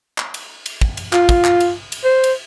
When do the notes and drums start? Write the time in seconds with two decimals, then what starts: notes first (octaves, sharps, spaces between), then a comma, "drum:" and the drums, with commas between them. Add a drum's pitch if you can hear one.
0.18 drum: clap
0.34 drum: cymbal
0.66 drum: cymbal
0.81 drum: kick
0.97 drum: cymbal
1.13 F4, drum: clap
1.29 drum: kick, cymbal
1.45 drum: clap
1.60 drum: cymbal
1.92 drum: cymbal
2.05 C5
2.24 drum: cymbal